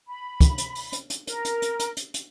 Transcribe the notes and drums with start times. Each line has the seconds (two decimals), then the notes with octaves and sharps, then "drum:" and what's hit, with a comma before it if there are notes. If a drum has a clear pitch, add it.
0.08 B5
0.41 drum: kick, hi-hat
0.58 drum: hi-hat
0.75 drum: open hi-hat
0.93 drum: hi-hat
1.10 drum: hi-hat
1.27 A#4, drum: hi-hat
1.45 drum: hi-hat
1.62 drum: hi-hat
1.79 drum: hi-hat
1.97 drum: hi-hat
2.14 drum: hi-hat